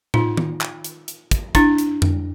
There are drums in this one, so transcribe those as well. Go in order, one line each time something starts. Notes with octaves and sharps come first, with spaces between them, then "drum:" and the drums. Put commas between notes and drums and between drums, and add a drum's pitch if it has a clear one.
D#4 F4, drum: tom A2
drum: tom D#3
drum: clap
drum: hi-hat
drum: hi-hat
drum: kick, hi-hat
D4 E4, drum: kick, hi-hat
drum: hi-hat
drum: tom F2